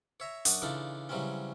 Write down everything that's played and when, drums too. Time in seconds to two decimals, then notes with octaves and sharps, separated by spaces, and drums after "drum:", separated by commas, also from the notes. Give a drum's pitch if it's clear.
0.20 C#5 E5 A#5
0.45 F#2 D4 F#4 D#6, drum: open hi-hat
0.62 C#3 E3 D4 D#4 F4 A4
1.09 C#3 E3 F#3 G3 C4 C#4